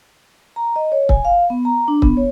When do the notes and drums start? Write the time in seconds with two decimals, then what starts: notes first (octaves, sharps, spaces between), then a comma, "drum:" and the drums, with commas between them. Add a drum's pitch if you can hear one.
0.56 A#5
0.76 D#5
0.92 C#5
1.09 G#5, drum: kick
1.25 F5
1.50 B3
1.65 A#5
1.88 D4
2.02 B3, drum: kick
2.17 C#5